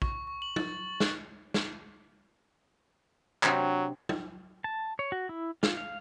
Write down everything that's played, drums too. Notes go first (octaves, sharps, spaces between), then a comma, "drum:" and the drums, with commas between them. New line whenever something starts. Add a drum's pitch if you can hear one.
C#6, drum: kick
C#6
F#7
A6, drum: tom
F#6, drum: snare
drum: snare
C3 F#3 C4 D4, drum: clap
drum: tom
A5
C#5
F#4
E4
F4, drum: snare
F5